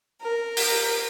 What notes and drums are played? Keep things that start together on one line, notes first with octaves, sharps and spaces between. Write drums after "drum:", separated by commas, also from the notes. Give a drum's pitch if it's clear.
A#4
drum: open hi-hat